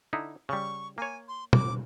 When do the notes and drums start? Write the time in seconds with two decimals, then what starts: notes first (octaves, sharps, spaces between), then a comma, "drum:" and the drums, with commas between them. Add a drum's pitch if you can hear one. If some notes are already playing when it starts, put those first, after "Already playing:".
0.13 D3 D#4 E4
0.49 C#3 G3 C#6
0.98 A#3 C#5 G#5
1.28 C6
1.53 D6, drum: tom